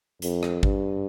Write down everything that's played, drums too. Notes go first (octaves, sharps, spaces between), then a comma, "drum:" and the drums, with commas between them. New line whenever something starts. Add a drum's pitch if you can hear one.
F2, drum: hi-hat
drum: rim click
G2, drum: kick G#1